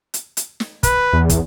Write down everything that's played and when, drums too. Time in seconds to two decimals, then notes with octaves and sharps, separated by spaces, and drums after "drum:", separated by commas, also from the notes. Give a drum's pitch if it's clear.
0.14 drum: hi-hat
0.37 drum: hi-hat
0.60 drum: snare
0.83 B4, drum: kick, hi-hat
1.13 E2
1.30 drum: kick, hi-hat